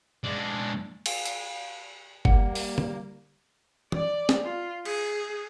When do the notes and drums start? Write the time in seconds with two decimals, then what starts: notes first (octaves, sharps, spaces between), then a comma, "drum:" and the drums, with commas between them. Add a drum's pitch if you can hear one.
0.24 G#3 D4
1.06 drum: cymbal
1.25 drum: hi-hat
2.25 G3 A#3 F#5, drum: kick G1
2.55 drum: open hi-hat
2.78 drum: tom
3.92 D5, drum: tom
4.29 drum: snare
4.43 F4
4.85 G#4, drum: cymbal